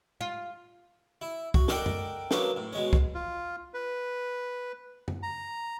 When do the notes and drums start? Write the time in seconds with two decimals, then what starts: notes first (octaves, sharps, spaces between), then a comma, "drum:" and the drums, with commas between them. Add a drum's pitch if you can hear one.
0.21 F4
1.21 E4
1.54 F#4, drum: kick C2
1.68 A4 A#4 D5 D#5 F#5 G5, drum: snare
1.86 drum: tom F#2
2.31 F#3 A#3 B3 C#4 D4, drum: snare
2.56 A2
2.73 B2 G#3 C#4
2.93 drum: kick C2
3.15 F4
3.74 B4
5.08 drum: tom F#2
5.23 A#5